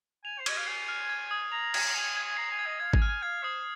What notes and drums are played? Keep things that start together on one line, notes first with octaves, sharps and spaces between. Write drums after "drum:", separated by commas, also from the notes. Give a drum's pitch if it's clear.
G#5 F7
C5
D#5 G#6, drum: cymbal
F5
G#5 C7
F6
G#6
D#6
A#5 F7
G#6, drum: cymbal
A#5
G#5 F7
G#6
A#5 C7
G#5
G#6
D#5
F5 G#6
G#5, drum: kick G#1
F6
G#5
F5 G#6
C5 D#6